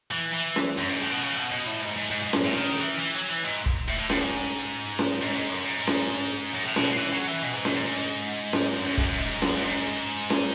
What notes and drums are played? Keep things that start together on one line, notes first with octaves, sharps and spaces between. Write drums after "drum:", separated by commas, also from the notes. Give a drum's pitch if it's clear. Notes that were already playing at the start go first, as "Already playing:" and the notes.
E3
E3
drum: snare C#4
F#2
G#2
A2
B2
C#3
B2
B2
A2
G#2
G#2
G#2
G#2
drum: snare C#4
A2
D#3
E3
E3
F#3
E3
G#2
drum: kick
A2
A2
A2, drum: snare C#4
G#2
drum: snare C#4
G#2
G#2
F#2
G#2
drum: snare C#4
F#2
A2
B2, drum: snare C#4
E3
F#3
E3
B2
G#2
G#2, drum: snare C#4
G#2
G#2
drum: snare C#4
F#2
F#2
F#2, drum: kick
F#2
G#2
F#2, drum: snare C#4
F#2
G#2
drum: snare C#4